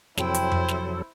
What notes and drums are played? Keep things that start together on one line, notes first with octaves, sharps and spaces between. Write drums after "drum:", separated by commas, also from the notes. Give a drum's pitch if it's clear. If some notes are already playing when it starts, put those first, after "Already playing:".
F2 C3 F#3 E4 A4 C5 G5, drum: snare
drum: hi-hat
drum: tom F2
drum: snare